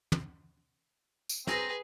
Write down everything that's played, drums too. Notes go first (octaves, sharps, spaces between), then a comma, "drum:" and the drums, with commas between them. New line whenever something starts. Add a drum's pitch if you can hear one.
drum: tom
drum: tambourine
C4 G#4 B4 A#5, drum: snare